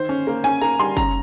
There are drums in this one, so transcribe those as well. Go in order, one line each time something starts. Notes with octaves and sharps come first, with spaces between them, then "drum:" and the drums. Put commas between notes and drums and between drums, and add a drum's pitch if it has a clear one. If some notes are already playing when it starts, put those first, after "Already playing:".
Already playing: D#3 C5
C#4
A#3
C#4 G#5, drum: tambourine
A#3 A#5
G3 C6
C#4 A#5, drum: kick F#1, tambourine